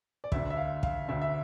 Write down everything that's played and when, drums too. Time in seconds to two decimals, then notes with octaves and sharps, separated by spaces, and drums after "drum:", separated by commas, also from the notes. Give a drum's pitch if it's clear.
0.24 D5
0.32 D2 D3 E5, drum: kick
0.50 E5
0.57 F5
0.83 F5, drum: kick
1.08 D2 D3 E5
1.22 E5